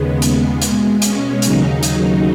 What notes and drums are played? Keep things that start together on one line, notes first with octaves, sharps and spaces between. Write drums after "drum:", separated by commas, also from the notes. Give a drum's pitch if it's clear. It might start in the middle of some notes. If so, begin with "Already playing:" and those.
Already playing: D#2 C#3 G#3 B3
drum: hi-hat
B2 G#3, drum: hi-hat
C#4, drum: hi-hat
D#2 C#3 F#3 D#4, drum: hi-hat
drum: hi-hat